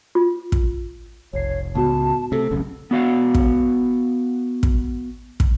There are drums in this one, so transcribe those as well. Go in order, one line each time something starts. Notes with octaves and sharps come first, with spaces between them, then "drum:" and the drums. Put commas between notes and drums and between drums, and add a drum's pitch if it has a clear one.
F4
drum: kick
F1 B1 C#5 C7
C#2 A2 B3 F#4 A5
C3 A3 A4
E1 B1 C#3
B3 F#4 F5 F#5
drum: kick
drum: kick
drum: kick